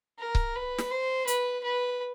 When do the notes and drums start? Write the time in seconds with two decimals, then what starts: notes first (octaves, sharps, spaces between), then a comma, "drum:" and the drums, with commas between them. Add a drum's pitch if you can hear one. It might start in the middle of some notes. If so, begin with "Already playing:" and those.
0.20 A#4
0.35 drum: kick C#1
0.56 B4
0.78 drum: snare
0.91 C5
1.27 B4, drum: hi-hat
1.64 B4